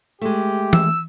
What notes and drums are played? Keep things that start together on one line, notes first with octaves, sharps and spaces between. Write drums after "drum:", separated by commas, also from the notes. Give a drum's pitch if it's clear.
G#3 A3 G4
E6, drum: tom E3